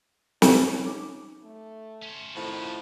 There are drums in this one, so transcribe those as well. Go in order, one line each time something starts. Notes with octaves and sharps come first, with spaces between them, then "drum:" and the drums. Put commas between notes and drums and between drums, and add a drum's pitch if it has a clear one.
C#4, drum: snare
D#4 D6
A3
C#4 C5
F2 A2 D#3 F3